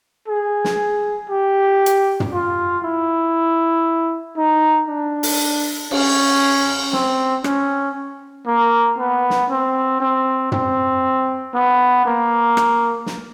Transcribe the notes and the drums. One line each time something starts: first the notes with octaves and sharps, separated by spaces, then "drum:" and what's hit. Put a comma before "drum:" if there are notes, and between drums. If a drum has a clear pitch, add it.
G#4
drum: snare
G4
drum: hi-hat
drum: tom
F4
E4
D#4
D4
drum: open hi-hat
C#4, drum: cymbal
C4, drum: snare
C#4, drum: rim click
A#3
B3
drum: snare
C4
C4
C4, drum: tom
B3
A#3
drum: rim click
drum: snare